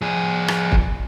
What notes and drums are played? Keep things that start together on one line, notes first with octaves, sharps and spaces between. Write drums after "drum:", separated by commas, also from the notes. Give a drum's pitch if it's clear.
F3 G#4
drum: rim click
drum: kick